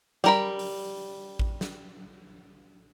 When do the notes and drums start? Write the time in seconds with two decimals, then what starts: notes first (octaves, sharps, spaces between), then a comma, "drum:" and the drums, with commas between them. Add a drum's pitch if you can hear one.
0.24 G3 A#4 B5, drum: snare
0.59 drum: open hi-hat
1.39 drum: kick A1
1.61 drum: snare